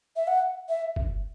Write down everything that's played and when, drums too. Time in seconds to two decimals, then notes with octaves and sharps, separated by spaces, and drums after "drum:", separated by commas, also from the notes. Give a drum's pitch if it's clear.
0.16 E5
0.27 F#5
0.69 E5
0.96 drum: kick